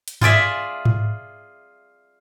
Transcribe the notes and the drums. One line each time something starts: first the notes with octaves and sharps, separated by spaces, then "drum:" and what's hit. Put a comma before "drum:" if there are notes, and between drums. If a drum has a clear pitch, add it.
drum: hi-hat
F4 G#4 D5 E5, drum: tom G2
drum: tom G#2